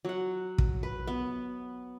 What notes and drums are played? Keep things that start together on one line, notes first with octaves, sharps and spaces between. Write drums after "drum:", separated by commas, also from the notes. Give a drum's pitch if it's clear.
F#3 F#5
drum: kick
B4
B3